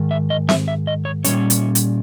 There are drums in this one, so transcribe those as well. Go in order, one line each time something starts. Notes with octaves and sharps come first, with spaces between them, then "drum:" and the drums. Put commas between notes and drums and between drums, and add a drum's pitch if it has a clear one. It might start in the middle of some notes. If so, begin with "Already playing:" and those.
Already playing: G#2 D#3
E5
D#5
E5, drum: snare C4
E5
D#5
C#5
A#2 G3 C#4 C#5, drum: hi-hat
drum: hi-hat
drum: hi-hat